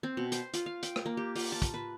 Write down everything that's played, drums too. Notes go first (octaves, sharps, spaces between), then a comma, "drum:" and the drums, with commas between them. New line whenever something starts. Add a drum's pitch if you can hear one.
C4
B2
C5, drum: hi-hat
F4, drum: hi-hat
F5
G5, drum: hi-hat
drum: rim click
A#3
G4
F4, drum: open hi-hat
A5
drum: kick, hi-hat
B4